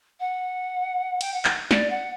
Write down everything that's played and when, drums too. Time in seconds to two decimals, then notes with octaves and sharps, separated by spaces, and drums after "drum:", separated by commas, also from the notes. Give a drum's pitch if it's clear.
0.20 F#5
1.21 G5, drum: cymbal
1.33 F#5
1.45 drum: clap
1.71 D5, drum: snare
1.90 F#5